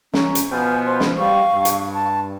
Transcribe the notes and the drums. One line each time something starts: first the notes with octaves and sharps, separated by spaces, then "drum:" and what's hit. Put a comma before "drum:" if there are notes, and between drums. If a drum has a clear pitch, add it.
C#4 A#5, drum: snare
drum: hi-hat
B2 F3 B3 G#5 F6 G6
C5
drum: snare
G3 F5 C#6
G2
drum: hi-hat
A5